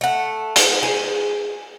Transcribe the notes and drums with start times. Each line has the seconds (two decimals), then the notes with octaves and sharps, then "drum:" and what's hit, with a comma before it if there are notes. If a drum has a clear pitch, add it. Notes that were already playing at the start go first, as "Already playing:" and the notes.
0.01 A3 F#5
0.56 drum: hi-hat
0.83 G#4